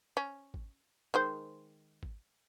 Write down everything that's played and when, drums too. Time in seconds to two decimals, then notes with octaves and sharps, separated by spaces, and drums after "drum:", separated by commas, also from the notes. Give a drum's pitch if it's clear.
0.17 C#4
0.54 drum: kick G#1
1.14 D#3 G#3 C5
2.03 drum: kick G#1